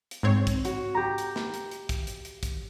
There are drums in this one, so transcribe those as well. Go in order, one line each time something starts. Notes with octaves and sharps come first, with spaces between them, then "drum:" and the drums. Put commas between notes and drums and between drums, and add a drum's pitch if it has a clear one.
drum: hi-hat
G#2 C4 C#5
drum: kick, hi-hat
F#4, drum: hi-hat
G4 A#5
drum: hi-hat
drum: snare
drum: hi-hat
drum: hi-hat
drum: kick, hi-hat
drum: hi-hat
drum: hi-hat
drum: kick, hi-hat